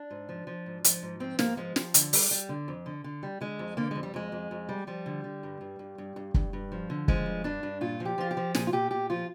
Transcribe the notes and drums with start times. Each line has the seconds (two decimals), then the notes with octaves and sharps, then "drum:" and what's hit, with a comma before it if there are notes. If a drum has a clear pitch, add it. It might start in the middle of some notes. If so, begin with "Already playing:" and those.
Already playing: D4
0.11 G#2
0.29 F3
0.47 F3
0.66 G#2
0.84 F3, drum: hi-hat
1.03 G#2
1.20 F3 C4
1.39 G#2 A#3, drum: snare
1.57 F3 G#3
1.76 F3, drum: snare
1.94 D3, drum: hi-hat
2.13 G3, drum: open hi-hat
2.31 G3
2.49 D3
2.68 F2
2.86 D3
3.04 D3
3.23 G3
3.41 D3 G#3
3.59 F2
3.77 D3 A#3
3.91 F2 G#3
4.03 G3
4.14 F2 G#3
4.32 F2
4.51 F2
4.69 G3
4.87 F3 G3
5.06 D3
5.24 D3
5.43 G2
5.61 G2
5.79 G2
5.98 G2
6.16 G2
6.34 G2, drum: kick
6.53 G2
6.72 F3
6.90 D3
7.08 F3 G#3, drum: kick
7.26 G2
7.44 G2 D4
7.63 G2
7.81 A#2 F4
8.00 F3
8.05 G4
8.18 F3 F4
8.31 G4
8.37 F3
8.55 A#2 G#4, drum: snare
8.67 F4
8.73 A#2 G4
8.91 A#2 G4
9.10 F3 F4